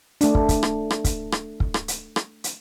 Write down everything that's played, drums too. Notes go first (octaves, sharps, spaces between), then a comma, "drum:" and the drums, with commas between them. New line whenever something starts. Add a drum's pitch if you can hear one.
A3 D4, drum: hi-hat
drum: kick
drum: kick, hi-hat
drum: rim click
drum: rim click
drum: kick, hi-hat
drum: rim click
drum: kick
drum: rim click
drum: hi-hat
drum: rim click
drum: hi-hat